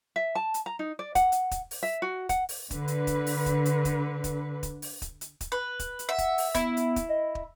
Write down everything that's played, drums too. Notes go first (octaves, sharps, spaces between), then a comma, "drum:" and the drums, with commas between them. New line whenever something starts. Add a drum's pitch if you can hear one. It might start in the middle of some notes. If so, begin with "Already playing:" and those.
E5
A5
drum: hi-hat
A#5
D#4
D5
F#5, drum: kick, hi-hat
drum: hi-hat
drum: kick, hi-hat
drum: open hi-hat
E5
F#4
F#5, drum: kick, hi-hat
drum: open hi-hat
D3 B4, drum: kick, hi-hat
drum: hi-hat
drum: kick, hi-hat
drum: open hi-hat
drum: kick, hi-hat
drum: hi-hat
drum: kick, hi-hat
drum: kick, hi-hat
drum: kick, hi-hat
drum: open hi-hat
drum: kick, hi-hat
drum: hi-hat
drum: kick, hi-hat
B4
drum: kick, hi-hat
drum: hi-hat
E5 F#5
drum: kick, hi-hat
drum: open hi-hat
B3 E4, drum: kick, hi-hat
drum: hi-hat
drum: kick, hi-hat
D#5
drum: kick